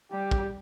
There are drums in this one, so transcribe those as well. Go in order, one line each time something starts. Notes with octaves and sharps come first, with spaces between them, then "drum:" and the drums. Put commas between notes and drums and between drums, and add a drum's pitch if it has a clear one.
G3 G4
drum: kick